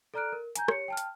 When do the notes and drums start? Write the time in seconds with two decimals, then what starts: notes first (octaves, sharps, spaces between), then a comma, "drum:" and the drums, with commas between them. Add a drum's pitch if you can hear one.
0.14 A4 D5 A#5 F6 F#6 D7
0.32 A#4
0.55 G#5 A#5 G6, drum: hi-hat
0.68 G4 C#5 C#7, drum: rim click
0.88 G5 A5 F6
0.97 drum: hi-hat